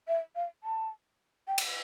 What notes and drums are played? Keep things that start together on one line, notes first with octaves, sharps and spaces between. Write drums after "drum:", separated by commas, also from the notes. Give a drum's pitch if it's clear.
E5
F5
A5
G5
drum: cymbal